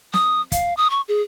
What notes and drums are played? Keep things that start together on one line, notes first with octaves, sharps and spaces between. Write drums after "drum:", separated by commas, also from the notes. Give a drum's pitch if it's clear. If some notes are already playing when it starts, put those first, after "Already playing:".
D#6, drum: snare
F5, drum: kick, hi-hat
D#6
C#6
G#4